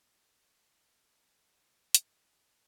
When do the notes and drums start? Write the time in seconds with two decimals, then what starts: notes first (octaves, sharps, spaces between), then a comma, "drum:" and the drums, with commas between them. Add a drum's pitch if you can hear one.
0.23 A#4
0.56 A4
1.63 C5
1.95 D#4, drum: hi-hat